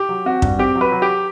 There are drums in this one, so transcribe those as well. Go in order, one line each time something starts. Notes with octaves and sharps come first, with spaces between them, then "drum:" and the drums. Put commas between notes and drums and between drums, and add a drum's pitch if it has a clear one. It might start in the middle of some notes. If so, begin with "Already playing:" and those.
Already playing: G4
F#3
C4 F#4
G2, drum: kick
C4 G4
F#3
B4
F#3
G4